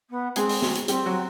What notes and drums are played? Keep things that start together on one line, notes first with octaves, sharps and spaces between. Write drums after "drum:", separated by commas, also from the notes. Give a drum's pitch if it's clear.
B3
G#3 C4 G#4, drum: hi-hat
drum: open hi-hat
drum: snare
drum: hi-hat
G3 C4 G4, drum: hi-hat
F#3 F#4